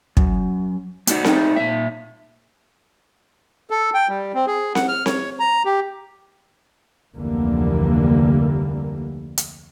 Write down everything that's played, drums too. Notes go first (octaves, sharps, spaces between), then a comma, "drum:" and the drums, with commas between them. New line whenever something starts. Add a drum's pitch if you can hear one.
F#2, drum: kick
A3 D#4 F#4 C5 D5 F#5, drum: hi-hat
A3 D#4 A4 D5 E5 G5, drum: snare C4
A#2 E5
A4
G5
G3
C4
G#4
F#5, drum: snare C4
F6
C#5, drum: snare C4
A#5
G4
F1 D2 D3 E3 G3 A#3
drum: hi-hat